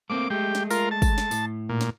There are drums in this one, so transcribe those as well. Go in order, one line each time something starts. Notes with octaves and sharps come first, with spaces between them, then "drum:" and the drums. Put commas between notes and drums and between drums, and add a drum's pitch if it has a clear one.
A3 A#3 C4 D6
G#3 A3 G4
drum: snare
F4 A#4, drum: tambourine
A5
drum: kick, tambourine
drum: snare
A2, drum: tambourine
A#2
drum: snare